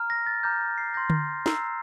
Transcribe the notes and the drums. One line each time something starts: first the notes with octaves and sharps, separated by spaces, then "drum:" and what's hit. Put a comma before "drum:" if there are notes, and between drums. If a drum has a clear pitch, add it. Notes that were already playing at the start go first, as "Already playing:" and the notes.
Already playing: A#5 F6
A#6
A6
A#5 D6 F6 G6
C7
C6 G6 A#6
drum: tom D3
A#5 E6 G6 C7, drum: snare